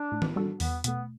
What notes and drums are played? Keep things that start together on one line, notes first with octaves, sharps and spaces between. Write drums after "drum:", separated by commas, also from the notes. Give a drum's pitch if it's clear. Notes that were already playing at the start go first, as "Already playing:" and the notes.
Already playing: D4
A2
drum: tom D#3
G3 D4 F#4 A4
E2 B3, drum: open hi-hat
B2 A3 B3, drum: hi-hat